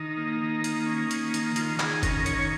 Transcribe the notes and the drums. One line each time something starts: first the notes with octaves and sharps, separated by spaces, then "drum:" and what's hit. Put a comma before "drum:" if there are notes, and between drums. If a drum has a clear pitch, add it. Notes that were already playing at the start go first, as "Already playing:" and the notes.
Already playing: D#3 D#4
A#3
D#3
A#3, drum: hi-hat
C#4
A#3, drum: hi-hat
D#3, drum: hi-hat
D#3 F4, drum: hi-hat
D#3 G#4, drum: clap
C#4 A#4, drum: kick, hi-hat
D#3 C#5, drum: hi-hat